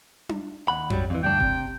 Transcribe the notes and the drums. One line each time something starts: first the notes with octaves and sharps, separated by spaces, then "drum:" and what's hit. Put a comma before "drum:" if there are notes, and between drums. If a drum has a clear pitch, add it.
drum: tom D4
D#2 F#5 B5
F#3 G3, drum: tom F2
F2 E3
D2 G2 D4 G5
C3, drum: kick G1